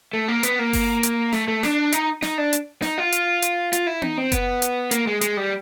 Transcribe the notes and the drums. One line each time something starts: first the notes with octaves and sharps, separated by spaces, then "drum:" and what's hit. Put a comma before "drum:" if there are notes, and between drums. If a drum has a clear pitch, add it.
A3
A#3
B3, drum: hi-hat
A#3
drum: kick F#1, open hi-hat
drum: hi-hat
A3, drum: snare
A3
D4, drum: snare
D#4, drum: hi-hat
D#4, drum: snare
D4
drum: hi-hat
D#4, drum: snare
F4
drum: hi-hat
drum: hi-hat
F4, drum: hi-hat
E4
D#4, drum: tom B3
C4
B3, drum: kick F#1, hi-hat
drum: hi-hat
A#3, drum: hi-hat
G#3
G#3, drum: hi-hat
G3